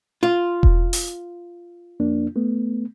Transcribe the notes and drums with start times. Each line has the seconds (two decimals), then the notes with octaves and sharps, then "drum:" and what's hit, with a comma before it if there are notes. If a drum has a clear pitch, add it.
0.23 F4
0.63 drum: kick E1
0.93 drum: open hi-hat
2.00 F2 A#3 D4
2.36 A3 B3